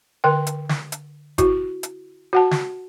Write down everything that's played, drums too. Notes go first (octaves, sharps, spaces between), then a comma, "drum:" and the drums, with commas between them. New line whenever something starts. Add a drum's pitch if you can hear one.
D3 A#4 G5
drum: hi-hat
drum: snare
drum: hi-hat
E4 F#4, drum: kick G#1, hi-hat
drum: hi-hat
F#4 F#5 A5
drum: snare